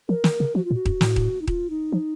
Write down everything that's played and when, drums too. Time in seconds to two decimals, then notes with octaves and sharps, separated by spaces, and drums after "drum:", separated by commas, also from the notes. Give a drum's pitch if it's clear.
0.09 F3 A#4
0.24 D#3, drum: snare
0.40 C#3
0.55 F3 F#4
0.65 F4
0.71 A#2
0.75 F#4
0.86 F#2, drum: kick D#1
1.01 A2, drum: snare
1.16 drum: kick D#1
1.41 D#4
1.47 F4, drum: kick D#1
1.70 D#4
1.92 F3